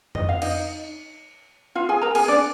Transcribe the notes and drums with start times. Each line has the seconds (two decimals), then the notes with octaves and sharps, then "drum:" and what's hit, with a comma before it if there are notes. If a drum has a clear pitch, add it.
0.15 D#5, drum: tom F2
0.29 F5
0.42 D#4 D#5, drum: cymbal
1.75 F4 F5
1.89 G#4 G#5
2.02 A#4 A#5
2.15 G#4 G#5, drum: cymbal
2.28 D4 D5